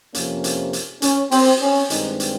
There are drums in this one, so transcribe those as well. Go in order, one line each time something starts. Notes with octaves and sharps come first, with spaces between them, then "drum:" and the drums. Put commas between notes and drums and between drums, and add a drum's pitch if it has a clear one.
F2 C3 F3 A#3 C#4, drum: hi-hat
drum: hi-hat
drum: hi-hat
C#4, drum: hi-hat
C4, drum: open hi-hat
C#4
G2 D#3 G#3 C4 D#4, drum: hi-hat
drum: hi-hat